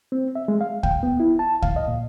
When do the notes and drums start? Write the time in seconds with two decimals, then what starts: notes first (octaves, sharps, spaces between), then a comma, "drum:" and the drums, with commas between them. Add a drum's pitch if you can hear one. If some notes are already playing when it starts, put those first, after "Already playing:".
0.12 C4
0.35 E5
0.48 G#3
0.61 F5
0.83 G5, drum: kick
1.03 B3
1.20 E4
1.39 A5
1.62 F5, drum: kick
1.76 D#5
1.88 A#2